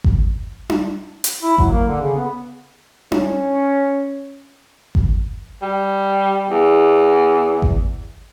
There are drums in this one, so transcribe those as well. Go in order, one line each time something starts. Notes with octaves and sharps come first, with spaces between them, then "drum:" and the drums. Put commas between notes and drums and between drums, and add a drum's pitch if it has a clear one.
drum: kick G#1
drum: tom D4
drum: hi-hat
E4
F#3, drum: kick G#1
A#3
D3
C#3
B3
C#4, drum: tom D4
drum: kick G#1
G3
E2
drum: kick G#1